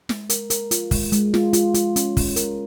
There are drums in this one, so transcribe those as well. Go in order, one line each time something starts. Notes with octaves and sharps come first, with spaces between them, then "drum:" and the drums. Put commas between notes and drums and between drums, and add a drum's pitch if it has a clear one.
G#3, drum: snare
A#4, drum: hi-hat
A#4, drum: hi-hat
F4, drum: hi-hat
G#3, drum: kick, open hi-hat
G#3, drum: hi-hat
F4, drum: snare
F4, drum: hi-hat
F4, drum: hi-hat
C#4, drum: hi-hat
C#4, drum: kick, open hi-hat
A#4, drum: hi-hat